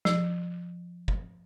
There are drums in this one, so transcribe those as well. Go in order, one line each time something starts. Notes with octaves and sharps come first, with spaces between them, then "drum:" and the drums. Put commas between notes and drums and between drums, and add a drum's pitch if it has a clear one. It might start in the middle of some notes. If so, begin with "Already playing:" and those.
F3, drum: snare
drum: kick